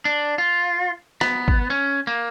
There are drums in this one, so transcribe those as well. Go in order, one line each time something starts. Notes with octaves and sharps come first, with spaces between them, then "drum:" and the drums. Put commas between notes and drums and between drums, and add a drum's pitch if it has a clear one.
D4
F4
B3, drum: rim click
drum: kick
C#4
A#3